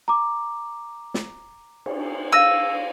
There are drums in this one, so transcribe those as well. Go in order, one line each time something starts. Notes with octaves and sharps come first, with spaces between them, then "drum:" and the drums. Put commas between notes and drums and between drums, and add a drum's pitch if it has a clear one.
A#5 D6
drum: snare
drum: cymbal
F5 E6 A#6 D#7